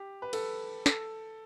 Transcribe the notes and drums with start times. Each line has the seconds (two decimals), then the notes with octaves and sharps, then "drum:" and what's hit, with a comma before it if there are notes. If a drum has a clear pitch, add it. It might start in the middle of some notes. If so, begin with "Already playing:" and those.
Already playing: G4
0.22 B4
0.33 A4, drum: cymbal
0.86 A4, drum: snare